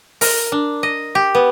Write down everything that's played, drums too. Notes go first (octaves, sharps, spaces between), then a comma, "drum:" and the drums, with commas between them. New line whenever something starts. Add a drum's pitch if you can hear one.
A#4, drum: open hi-hat
D4
D#5
G4
B3